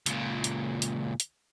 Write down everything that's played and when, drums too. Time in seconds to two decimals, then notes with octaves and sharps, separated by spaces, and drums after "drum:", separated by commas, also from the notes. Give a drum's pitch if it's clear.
0.06 C#2 A#2, drum: hi-hat
0.44 drum: hi-hat
0.82 drum: hi-hat
1.20 drum: hi-hat